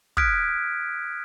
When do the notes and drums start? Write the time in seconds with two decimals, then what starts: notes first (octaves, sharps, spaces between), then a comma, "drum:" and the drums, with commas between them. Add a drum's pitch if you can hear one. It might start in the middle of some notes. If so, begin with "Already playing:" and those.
0.17 D#6 F6 F#6 G#6 B6 D7, drum: kick